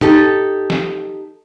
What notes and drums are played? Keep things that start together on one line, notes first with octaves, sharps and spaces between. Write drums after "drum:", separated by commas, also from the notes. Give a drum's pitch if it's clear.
D#4 G4 A4, drum: tom A2
drum: snare